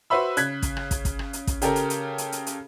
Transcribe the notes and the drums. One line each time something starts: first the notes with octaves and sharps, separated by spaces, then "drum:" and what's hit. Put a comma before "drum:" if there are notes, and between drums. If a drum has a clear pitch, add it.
F#4 B4 C5 E5 B5 E6
C#3 F#6 G#6 B6, drum: hi-hat
drum: kick, hi-hat
drum: rim click
drum: kick, hi-hat
drum: kick, hi-hat
drum: rim click
drum: hi-hat
drum: kick, hi-hat
C#3 G4 A4 A#4, drum: hi-hat
drum: hi-hat
drum: hi-hat
drum: hi-hat
drum: hi-hat
drum: hi-hat